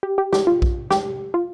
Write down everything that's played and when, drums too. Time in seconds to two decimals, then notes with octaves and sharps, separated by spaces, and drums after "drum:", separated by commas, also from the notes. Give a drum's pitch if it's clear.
0.03 G4
0.18 G4
0.33 G4, drum: snare
0.47 F4
0.62 drum: kick A#1
0.91 G4, drum: snare
1.34 F4